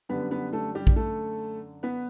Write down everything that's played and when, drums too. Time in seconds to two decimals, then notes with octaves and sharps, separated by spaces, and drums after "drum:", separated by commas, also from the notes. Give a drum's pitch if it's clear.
0.09 F#2 D3 G3 B3 B4
0.31 B3 B4
0.53 A3 A4
0.75 G3 G4
0.87 drum: kick A#1
0.96 A3 A4
1.83 B3 B4